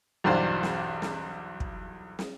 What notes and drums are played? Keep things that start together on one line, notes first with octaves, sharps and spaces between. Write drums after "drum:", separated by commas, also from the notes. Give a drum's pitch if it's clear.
B1 E2 G2 D4 C5 F5
drum: snare
drum: snare
drum: kick
drum: snare